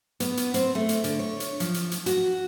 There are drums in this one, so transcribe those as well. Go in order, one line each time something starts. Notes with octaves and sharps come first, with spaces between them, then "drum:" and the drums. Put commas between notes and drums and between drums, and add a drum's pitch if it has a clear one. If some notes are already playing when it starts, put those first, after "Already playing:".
B3, drum: hi-hat
drum: hi-hat
C4, drum: hi-hat
A3
drum: hi-hat
D3, drum: hi-hat
C#5
drum: hi-hat
F3, drum: hi-hat
drum: hi-hat
drum: hi-hat
F#4, drum: hi-hat